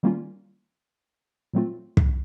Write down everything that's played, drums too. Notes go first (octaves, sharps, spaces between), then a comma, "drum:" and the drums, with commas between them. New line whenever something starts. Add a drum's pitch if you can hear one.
D#3 G3 A#3 C#4 F4
A#2 F#3 A3 C4 F4
drum: kick